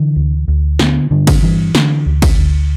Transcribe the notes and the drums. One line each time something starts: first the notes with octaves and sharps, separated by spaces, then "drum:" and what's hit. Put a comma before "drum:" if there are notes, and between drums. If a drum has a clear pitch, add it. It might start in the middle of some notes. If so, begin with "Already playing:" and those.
Already playing: D3 E3
D2
D2
D3 B3, drum: snare
G2 D3
drum: kick, cymbal
G2 E3
D3, drum: snare
D2
drum: kick, cymbal
D2